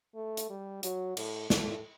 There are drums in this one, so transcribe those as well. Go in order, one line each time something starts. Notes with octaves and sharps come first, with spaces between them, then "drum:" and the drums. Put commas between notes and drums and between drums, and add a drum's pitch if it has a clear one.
A3
drum: hi-hat
G3
F#3, drum: hi-hat
A2, drum: cymbal
A2, drum: snare